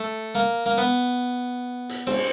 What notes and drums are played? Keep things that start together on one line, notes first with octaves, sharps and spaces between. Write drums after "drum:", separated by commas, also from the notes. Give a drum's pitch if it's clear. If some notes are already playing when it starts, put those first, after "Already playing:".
Already playing: A3
A#3
A#3
B3
drum: hi-hat
C4, drum: cymbal